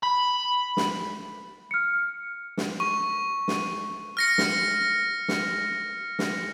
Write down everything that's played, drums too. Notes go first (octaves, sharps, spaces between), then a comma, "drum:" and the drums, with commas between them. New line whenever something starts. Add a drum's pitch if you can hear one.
B5
drum: snare
F6 C#7
drum: snare
C#6
drum: snare
F6 A#6 C#7
drum: snare
drum: snare
drum: snare